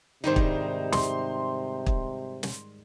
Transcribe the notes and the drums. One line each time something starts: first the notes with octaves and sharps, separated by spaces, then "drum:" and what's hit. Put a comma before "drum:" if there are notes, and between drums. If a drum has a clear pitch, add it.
G#2 C3 D#3 G3 D#4 C5
drum: kick
C6, drum: snare
drum: kick
drum: snare